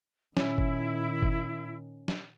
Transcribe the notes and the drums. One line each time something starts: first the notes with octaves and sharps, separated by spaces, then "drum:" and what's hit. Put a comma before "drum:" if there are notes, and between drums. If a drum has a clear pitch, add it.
A#2 D#3 C#4 E4, drum: snare
drum: kick F#1
drum: kick F#1
drum: snare